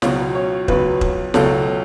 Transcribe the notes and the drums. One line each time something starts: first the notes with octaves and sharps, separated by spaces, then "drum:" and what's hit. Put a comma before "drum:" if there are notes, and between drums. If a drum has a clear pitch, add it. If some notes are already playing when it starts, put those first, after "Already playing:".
C#2 B2 F#3 C#5, drum: snare
C#5
C#2 B2 F#3 B4, drum: kick
drum: kick
C#2 B2 F#3 A4, drum: snare